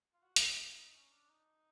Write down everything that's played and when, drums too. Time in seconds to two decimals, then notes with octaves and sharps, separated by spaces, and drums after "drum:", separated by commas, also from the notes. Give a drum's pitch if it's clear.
0.14 F4
0.23 F#4
0.36 F4, drum: hi-hat
0.50 F4
0.67 E4
0.76 D#4
0.94 C#4
1.12 D4
1.29 D#4